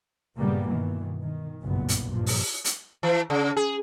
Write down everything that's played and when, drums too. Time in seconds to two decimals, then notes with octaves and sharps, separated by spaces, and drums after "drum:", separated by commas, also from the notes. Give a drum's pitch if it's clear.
0.37 G2 A#2 C#3 G3 A#3 B3
0.68 G2 B2 D#3 E3
1.20 D#3
1.62 F#1 B1 G2 A#2 B3
1.89 drum: hi-hat
2.08 G2 A#2 F3
2.27 drum: open hi-hat
2.64 drum: hi-hat
3.03 E3
3.30 C#3
3.57 G#4